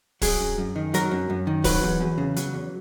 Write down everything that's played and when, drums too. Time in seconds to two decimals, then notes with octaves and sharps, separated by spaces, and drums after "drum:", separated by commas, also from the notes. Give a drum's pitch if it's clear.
0.22 F#3 G#4, drum: kick, open hi-hat
0.40 F#2
0.58 F#2
0.76 D#3
0.94 F#3 A#4, drum: hi-hat
1.11 F#2
1.30 F#2
1.47 D#3
1.64 F#3 B4, drum: kick, open hi-hat
1.83 E2
2.01 E2
2.18 C#3
2.36 F#3, drum: hi-hat
2.54 E2